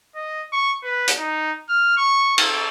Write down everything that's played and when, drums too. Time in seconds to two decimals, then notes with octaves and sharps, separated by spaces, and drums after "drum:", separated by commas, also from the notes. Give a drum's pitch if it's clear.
0.16 D#5
0.53 C#6
0.83 B4
1.08 drum: hi-hat
1.18 D#4
1.69 F6
1.98 C#6
2.38 A4, drum: cymbal